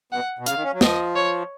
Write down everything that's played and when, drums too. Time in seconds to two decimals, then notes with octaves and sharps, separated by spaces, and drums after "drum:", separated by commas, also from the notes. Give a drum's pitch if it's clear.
0.12 B2 F#5
0.39 B2
0.46 C#3 F5, drum: hi-hat
0.55 D#3
0.64 C#4
0.73 F#3
0.81 F3 D#5, drum: snare
1.16 C#5